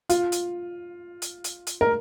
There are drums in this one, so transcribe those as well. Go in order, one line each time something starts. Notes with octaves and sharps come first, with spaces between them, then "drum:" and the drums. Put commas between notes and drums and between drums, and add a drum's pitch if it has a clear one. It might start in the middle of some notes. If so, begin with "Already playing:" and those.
F4, drum: hi-hat
drum: hi-hat
drum: hi-hat
drum: hi-hat
drum: hi-hat
A#4